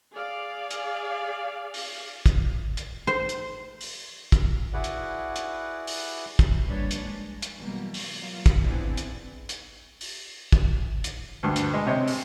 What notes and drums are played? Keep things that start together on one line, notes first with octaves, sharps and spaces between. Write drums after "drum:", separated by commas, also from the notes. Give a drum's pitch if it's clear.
G#4 D5 F5
drum: hi-hat
drum: open hi-hat
drum: kick, hi-hat
drum: hi-hat
C5
drum: hi-hat
drum: open hi-hat
drum: kick, hi-hat
E4 F#4 G#4 B4 D5 F#5
drum: hi-hat
drum: hi-hat
drum: open hi-hat
drum: kick, hi-hat
F3 G3 A#3 D4 B4 C#5
drum: hi-hat
G#3
drum: hi-hat
B2 E3 F#3 G3 A#3
drum: open hi-hat
F#3 A#3 F4
drum: kick, hi-hat
B3 C4 D4 E4 G#4
drum: hi-hat
drum: hi-hat
drum: open hi-hat
drum: kick, hi-hat
drum: hi-hat
D2 G2
drum: hi-hat
G#3
C3 C4 C#5 D#5
drum: open hi-hat